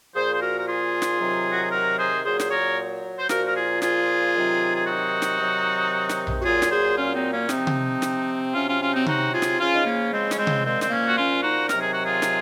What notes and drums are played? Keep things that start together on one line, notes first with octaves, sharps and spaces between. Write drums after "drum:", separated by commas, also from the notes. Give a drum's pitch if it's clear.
A#2 F3 G#4 C5
C5
F#4 A#4
A#4
F4 G#4
drum: snare
C3 D#3 F#3
F#4
G#4
F#4 A#4
G#4 C5
A#2 F#3 G#4 C5
C5, drum: snare
A#4 C#5
C5
A#2 F3 F#4 A#4, drum: snare
A#4
F4 G#4
F4 G#4, drum: snare
C3 D#3 F#3
G#4
D#4 F#4
drum: snare
C3 D#3 F#3
drum: snare
drum: tom A#1
F#4
A#2 F#3 F4 G#4
drum: snare
G#4 C5
C#4 F4
C4 D#4
A#3 C#4
C3 F3 C4 D#4, drum: snare
drum: tom C3
drum: snare
C3 F#3 C#4 F4
C#4 F4
C#4 F4
C4 D#4
D#4 F#4, drum: tom C3
F4 G#4
drum: snare
C#3 F3 C#4 F4
D#4
A#3 C#4
G#3 C4
C#4, drum: snare
G#3 C4
drum: tom C3
A#2 F3 G#3 C4
C4, drum: snare
A#3 C#4
F#4
C#4 F4
D#4 F#4
C3 D#3 F#3 A#4, drum: snare
G#4
F#4
F4 G#4
drum: snare